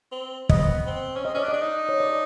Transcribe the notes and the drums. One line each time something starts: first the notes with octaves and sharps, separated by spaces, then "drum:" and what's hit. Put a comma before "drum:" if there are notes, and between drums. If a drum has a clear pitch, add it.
C4
B3 D#5, drum: kick
C4
B3
C4
C#4
C4 D#5
C#4 D5
D4
D#5
D4
D#4
C#5
D5